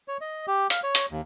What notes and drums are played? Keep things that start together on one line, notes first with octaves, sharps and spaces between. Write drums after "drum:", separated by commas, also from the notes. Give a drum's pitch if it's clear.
C#5
D#5
G4
F5, drum: hi-hat
C#5
drum: hi-hat
D#2